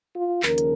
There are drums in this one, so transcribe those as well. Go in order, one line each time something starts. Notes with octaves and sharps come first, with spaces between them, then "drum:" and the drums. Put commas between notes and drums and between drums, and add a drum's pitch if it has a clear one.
F4
D#2 C#3 F3 C#4 A#4, drum: clap
drum: hi-hat